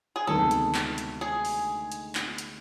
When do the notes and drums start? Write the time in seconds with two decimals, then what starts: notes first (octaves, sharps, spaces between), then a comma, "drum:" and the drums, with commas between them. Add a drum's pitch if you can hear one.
0.16 G#4
0.27 D2 C3 D#3 G#3 B3 A4
0.51 drum: hi-hat
0.74 drum: clap
0.98 drum: hi-hat
1.21 G#4
1.45 drum: open hi-hat
1.92 drum: hi-hat
2.15 drum: clap
2.38 drum: hi-hat